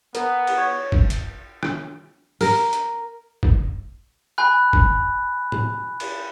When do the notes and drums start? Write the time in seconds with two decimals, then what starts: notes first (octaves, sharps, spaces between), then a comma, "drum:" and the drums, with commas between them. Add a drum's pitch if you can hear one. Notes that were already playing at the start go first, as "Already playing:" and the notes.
0.15 B3 A#4, drum: hi-hat
0.47 drum: cymbal
0.58 C#5
0.92 drum: kick
1.10 drum: hi-hat
1.63 drum: rim click
2.41 A#4, drum: open hi-hat
2.73 drum: hi-hat
3.43 drum: kick
4.38 G#5 B5 F#6
4.73 drum: kick
5.52 drum: tom
6.00 drum: cymbal